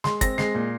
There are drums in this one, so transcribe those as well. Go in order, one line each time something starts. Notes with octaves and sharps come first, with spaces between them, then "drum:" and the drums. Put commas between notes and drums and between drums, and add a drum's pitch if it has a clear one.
G#3 C6, drum: snare
C4 A#6, drum: kick, hi-hat
G#3 C7, drum: snare
A#2